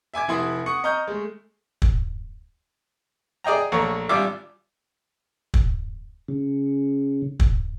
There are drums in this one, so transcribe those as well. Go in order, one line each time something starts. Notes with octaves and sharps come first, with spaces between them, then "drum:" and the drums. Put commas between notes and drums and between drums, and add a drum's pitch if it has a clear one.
E5 G#5 D6 G#6
F1 E4 E5 F#5 C6 D#6
F#5 C#6 D#6 C#7
D#5 A#5 C#6 F6 G6
G#3 A3
drum: kick
G#4 D5 D#5 G5 A#5
A#1 A3 C#5 A#5
G#1 G3 D4 F4 E5 D6
drum: kick
C#3
drum: kick